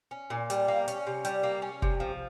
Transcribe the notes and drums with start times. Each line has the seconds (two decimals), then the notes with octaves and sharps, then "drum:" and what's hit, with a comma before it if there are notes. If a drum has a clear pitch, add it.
0.11 C#4
0.30 A#2
0.50 G3, drum: hi-hat
0.68 A#3
0.88 C#4, drum: hi-hat
1.07 C3
1.25 G3, drum: hi-hat
1.43 A#3
1.62 C#4
1.82 C3, drum: kick F1
2.00 F3